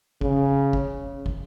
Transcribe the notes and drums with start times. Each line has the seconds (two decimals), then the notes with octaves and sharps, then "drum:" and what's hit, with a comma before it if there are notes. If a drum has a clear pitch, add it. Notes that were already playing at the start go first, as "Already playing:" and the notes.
0.21 C#3, drum: kick
0.73 drum: kick
1.26 drum: kick